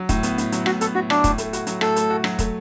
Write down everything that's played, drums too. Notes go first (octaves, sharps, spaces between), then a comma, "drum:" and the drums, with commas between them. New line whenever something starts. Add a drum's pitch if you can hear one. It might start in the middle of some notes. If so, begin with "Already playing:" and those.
Already playing: F#3
A2, drum: kick, hi-hat
B3, drum: hi-hat
A2, drum: hi-hat
F#3, drum: hi-hat
A2 F#4, drum: rim click
B3 A4, drum: hi-hat
A2 F#4
F#3 D4, drum: rim click
A2, drum: kick, hi-hat
A3, drum: hi-hat
F#4, drum: hi-hat
F#3, drum: hi-hat
A2 A4, drum: rim click
A3, drum: hi-hat
F#4
F#3, drum: rim click
A3, drum: kick, hi-hat